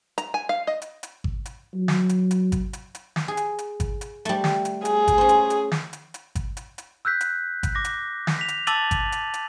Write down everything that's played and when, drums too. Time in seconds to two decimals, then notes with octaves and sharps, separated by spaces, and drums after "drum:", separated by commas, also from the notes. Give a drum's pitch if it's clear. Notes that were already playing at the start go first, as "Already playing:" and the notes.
0.18 A#5, drum: hi-hat
0.34 G#5
0.49 F5
0.67 D#5
0.82 drum: hi-hat
1.03 drum: hi-hat
1.24 drum: kick G#1
1.46 drum: hi-hat
1.74 F#3
1.88 drum: snare
2.09 drum: hi-hat
2.31 drum: hi-hat
2.52 drum: kick G#1, hi-hat
2.73 drum: hi-hat
2.95 drum: hi-hat
3.16 drum: snare
3.28 G#4
3.37 drum: hi-hat
3.58 drum: hi-hat
3.80 drum: kick G#1, hi-hat
4.01 drum: hi-hat
4.25 G3 A3, drum: hi-hat
4.44 drum: snare
4.65 drum: hi-hat
4.85 G#4, drum: hi-hat
5.08 drum: kick G#1, hi-hat
5.18 C#4 C5
5.29 drum: hi-hat
5.50 drum: hi-hat
5.71 drum: snare
5.93 drum: hi-hat
6.14 drum: hi-hat
6.35 drum: kick G#1, hi-hat
6.57 drum: hi-hat
6.78 drum: hi-hat
7.05 E6 F#6 G6 B6
7.21 drum: hi-hat
7.63 drum: kick G#1, hi-hat
7.75 D6 A#6
7.84 drum: hi-hat
8.27 drum: snare
8.39 B6 F7
8.48 drum: hi-hat
8.67 A5 D6 E6 A6 D#7 F#7, drum: hi-hat
8.91 drum: kick G#1, hi-hat
9.12 drum: hi-hat
9.34 drum: hi-hat